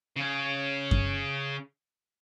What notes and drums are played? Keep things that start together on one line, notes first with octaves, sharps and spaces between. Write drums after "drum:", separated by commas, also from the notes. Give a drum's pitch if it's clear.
C#3 C#4
drum: kick F#2